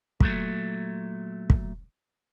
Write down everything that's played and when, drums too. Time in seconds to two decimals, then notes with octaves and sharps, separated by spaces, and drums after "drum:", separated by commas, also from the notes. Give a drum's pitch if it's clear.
0.20 A#2 F#3 A3, drum: kick
1.50 drum: kick